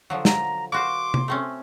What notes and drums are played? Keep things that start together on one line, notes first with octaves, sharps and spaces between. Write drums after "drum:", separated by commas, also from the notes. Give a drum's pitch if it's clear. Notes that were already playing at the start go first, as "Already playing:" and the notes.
D3 F3 F#3
A#5, drum: snare
A#3 F#4 C5 C6 D6
drum: tom C3
A3 C4 C#4